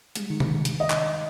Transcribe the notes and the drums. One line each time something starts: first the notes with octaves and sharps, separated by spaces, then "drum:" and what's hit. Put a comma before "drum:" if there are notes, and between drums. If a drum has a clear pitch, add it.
G3 G#3, drum: hi-hat
D#3 C#7
drum: tom
drum: hi-hat
D#5
drum: clap